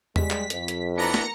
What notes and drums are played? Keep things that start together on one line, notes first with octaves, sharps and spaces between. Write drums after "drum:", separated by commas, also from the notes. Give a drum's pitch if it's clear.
G3 G#3 B6, drum: tom E2
drum: clap
F2, drum: hi-hat
drum: hi-hat
E3 B3 D4 A#5 A#6 C#7
drum: snare